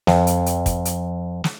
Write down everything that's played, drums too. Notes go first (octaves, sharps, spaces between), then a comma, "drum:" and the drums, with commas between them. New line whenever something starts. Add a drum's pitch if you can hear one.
F2, drum: snare
drum: hi-hat
drum: hi-hat
drum: kick, hi-hat
drum: hi-hat
drum: snare